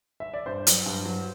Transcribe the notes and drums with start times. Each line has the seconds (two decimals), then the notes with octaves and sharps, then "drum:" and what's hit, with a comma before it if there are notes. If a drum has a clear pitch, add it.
0.20 E5
0.34 D5
0.46 G2 C5
0.67 F#3, drum: hi-hat
0.86 G2
1.05 F#3